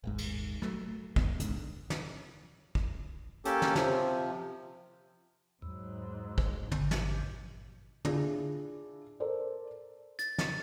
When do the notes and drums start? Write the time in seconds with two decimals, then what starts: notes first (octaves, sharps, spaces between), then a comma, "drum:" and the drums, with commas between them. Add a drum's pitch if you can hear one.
0.04 D#1 G#1 G#2
0.18 drum: cymbal
0.62 F#3 A3, drum: rim click
1.16 G1 F2 G#2 B3, drum: kick
1.40 G#1 C#2 G#2 D3, drum: hi-hat
1.90 drum: snare
2.75 drum: kick
3.45 A#3 C#4 G4 A4, drum: hi-hat
3.62 drum: snare
3.76 C3 F3, drum: snare
5.62 E2 G#2 F#3
6.38 drum: kick
6.71 G#1 G2 A#2, drum: tom
6.91 drum: snare
8.05 D4 E4 F4 G#4, drum: tom
9.20 A4 A#4 C5 D5
10.19 A6, drum: hi-hat
10.38 drum: snare